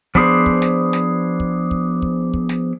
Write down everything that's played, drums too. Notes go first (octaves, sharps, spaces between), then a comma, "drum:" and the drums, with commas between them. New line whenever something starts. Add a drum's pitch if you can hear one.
F3 B3 D4 G#4 C5, drum: kick
drum: kick
drum: snare
drum: snare
drum: kick
drum: kick
drum: kick
drum: kick
drum: snare